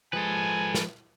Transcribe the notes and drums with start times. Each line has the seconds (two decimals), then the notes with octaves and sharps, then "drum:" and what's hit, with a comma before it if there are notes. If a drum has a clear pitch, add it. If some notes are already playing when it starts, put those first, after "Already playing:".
0.13 F3 G#3 A4 B4 G#5
0.74 drum: snare